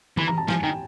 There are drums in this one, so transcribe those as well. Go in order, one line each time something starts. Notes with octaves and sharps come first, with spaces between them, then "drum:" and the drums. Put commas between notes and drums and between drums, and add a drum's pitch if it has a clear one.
E3 B5, drum: tom D3
A#5
A5
F3 G#5, drum: snare
D#3 G5